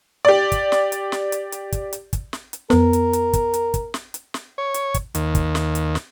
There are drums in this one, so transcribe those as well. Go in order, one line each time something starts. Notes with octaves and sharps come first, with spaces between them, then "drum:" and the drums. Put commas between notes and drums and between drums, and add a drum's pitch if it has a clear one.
G4 D5
drum: kick, hi-hat
drum: snare
drum: hi-hat
drum: snare
drum: hi-hat
drum: hi-hat
drum: kick, hi-hat
drum: hi-hat
drum: kick, hi-hat
drum: snare
drum: hi-hat
F2 B3 A#4, drum: snare
drum: hi-hat
drum: hi-hat
drum: kick, hi-hat
drum: hi-hat
drum: kick, hi-hat
drum: snare
drum: hi-hat
drum: snare
C#5
drum: hi-hat
drum: kick, hi-hat
D#2, drum: hi-hat
drum: kick, hi-hat
drum: snare
drum: hi-hat
drum: snare